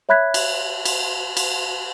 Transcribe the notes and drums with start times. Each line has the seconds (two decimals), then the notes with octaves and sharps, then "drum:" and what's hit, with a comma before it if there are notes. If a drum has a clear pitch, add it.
0.09 C#5 E5 B5 F#6 G#6 B6
0.34 drum: cymbal
0.85 drum: cymbal
1.37 drum: cymbal